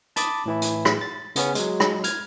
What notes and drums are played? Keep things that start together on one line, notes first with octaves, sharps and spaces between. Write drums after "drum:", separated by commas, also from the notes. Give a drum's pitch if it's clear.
A5 B5 D6 D#6 A6, drum: hi-hat
A2 E3 E4
drum: hi-hat
drum: rim click
A6
C#3 B3 C#4, drum: hi-hat
F#3 G#3, drum: hi-hat
drum: rim click
F6 G#6, drum: hi-hat